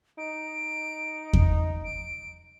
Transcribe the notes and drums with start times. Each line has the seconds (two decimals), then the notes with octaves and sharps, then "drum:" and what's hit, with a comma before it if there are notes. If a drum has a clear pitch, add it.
0.18 D#4 D7
1.33 drum: kick E2
1.84 D7